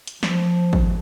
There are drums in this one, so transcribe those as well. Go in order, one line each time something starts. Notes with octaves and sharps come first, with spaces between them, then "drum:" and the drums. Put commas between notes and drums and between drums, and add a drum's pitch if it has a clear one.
drum: hi-hat
F3, drum: snare
drum: kick